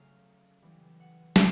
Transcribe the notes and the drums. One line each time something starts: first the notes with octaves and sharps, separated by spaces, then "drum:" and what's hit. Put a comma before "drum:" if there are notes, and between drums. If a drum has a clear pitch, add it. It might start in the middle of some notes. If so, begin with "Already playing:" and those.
Already playing: C#3 F#3 A3 F5
E3 G3 B3
F#5
A#2, drum: snare